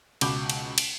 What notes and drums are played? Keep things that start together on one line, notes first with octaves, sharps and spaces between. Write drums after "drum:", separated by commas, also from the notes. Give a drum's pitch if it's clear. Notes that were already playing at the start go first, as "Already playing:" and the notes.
C#2 B2 B5 D6 G6 G7, drum: cymbal
drum: cymbal
drum: cymbal